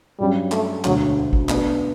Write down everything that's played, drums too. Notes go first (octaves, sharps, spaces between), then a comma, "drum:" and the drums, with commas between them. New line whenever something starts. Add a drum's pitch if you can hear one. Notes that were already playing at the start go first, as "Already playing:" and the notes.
G2 F#3 G3 C#4
A3, drum: clap
E1 D2 D3 F#3 A3, drum: clap
drum: kick G#1
B2 A3 D4 F#4 B4, drum: clap